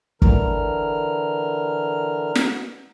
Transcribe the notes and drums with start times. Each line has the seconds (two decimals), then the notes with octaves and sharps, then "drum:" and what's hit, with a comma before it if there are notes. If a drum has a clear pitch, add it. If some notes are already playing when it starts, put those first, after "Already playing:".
0.22 D3 E3 A#4 F6, drum: kick
2.35 drum: snare